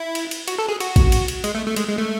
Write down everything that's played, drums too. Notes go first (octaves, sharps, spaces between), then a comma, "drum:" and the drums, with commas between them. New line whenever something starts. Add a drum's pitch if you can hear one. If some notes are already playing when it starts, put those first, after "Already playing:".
Already playing: E4
drum: cymbal
drum: cymbal
F#4, drum: cymbal
A4
G#4
F#4, drum: cymbal
drum: kick A1, cymbal
drum: cymbal
drum: cymbal
G#3, drum: cymbal
A3
A3
G#3, drum: cymbal
G#3
A3